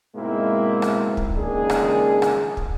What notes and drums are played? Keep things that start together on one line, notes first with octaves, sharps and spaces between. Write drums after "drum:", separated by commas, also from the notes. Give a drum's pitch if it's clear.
G#2 B2 G#3 A#3 C4 E4
drum: rim click
drum: kick
C#2 D#3 A#3 D4 G#4
drum: rim click
drum: rim click
drum: kick